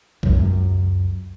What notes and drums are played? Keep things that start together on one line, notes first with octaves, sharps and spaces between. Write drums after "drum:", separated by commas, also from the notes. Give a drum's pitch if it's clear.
C#2 F#2, drum: kick A#1